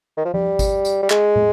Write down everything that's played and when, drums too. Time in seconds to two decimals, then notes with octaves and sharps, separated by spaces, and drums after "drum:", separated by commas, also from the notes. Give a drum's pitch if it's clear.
0.17 D#3
0.25 F3
0.34 G3, drum: tom F3
0.59 drum: kick G#1, tambourine
0.85 drum: tambourine
1.03 G3
1.10 G#3, drum: clap
1.36 drum: tom